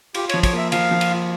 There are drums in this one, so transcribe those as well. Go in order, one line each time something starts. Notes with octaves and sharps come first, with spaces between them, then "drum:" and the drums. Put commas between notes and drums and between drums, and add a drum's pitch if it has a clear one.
F4 G4, drum: cymbal
F3 C#5, drum: cymbal
C#5, drum: kick, cymbal
A#3 E5
F3 F5, drum: cymbal
F3
drum: cymbal
F4